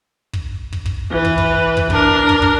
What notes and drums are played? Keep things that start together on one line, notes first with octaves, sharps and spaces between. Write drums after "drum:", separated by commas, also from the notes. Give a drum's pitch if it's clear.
drum: kick
drum: kick
drum: kick
E3 B4
drum: kick
drum: kick
drum: kick
D4 A#4, drum: kick
drum: kick
drum: kick